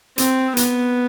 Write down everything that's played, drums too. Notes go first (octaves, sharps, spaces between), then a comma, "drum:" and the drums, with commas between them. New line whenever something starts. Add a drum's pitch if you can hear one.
C4, drum: hi-hat
B3, drum: hi-hat